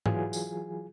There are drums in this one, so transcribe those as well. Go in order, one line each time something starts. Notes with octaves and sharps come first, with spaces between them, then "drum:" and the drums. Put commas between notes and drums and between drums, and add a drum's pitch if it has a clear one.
E3 F#3 F4 G#4 G#5, drum: tom G#2
drum: tambourine